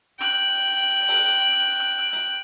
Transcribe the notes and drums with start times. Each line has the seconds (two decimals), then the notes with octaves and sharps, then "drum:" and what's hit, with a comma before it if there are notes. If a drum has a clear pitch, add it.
0.19 G5 F#6
1.08 drum: open hi-hat
2.12 drum: hi-hat